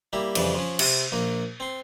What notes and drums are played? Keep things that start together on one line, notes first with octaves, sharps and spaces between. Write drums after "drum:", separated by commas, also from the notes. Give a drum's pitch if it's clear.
G3 A#3 E4 G4
F2 C#3 E3 G3, drum: cymbal
F3 C#4
C3, drum: cymbal
A#1 A#3
C4 C6